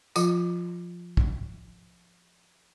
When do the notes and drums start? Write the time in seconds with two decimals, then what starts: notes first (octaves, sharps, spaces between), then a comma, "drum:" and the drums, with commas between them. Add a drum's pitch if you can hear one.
0.16 F3 F4, drum: tambourine
1.17 drum: kick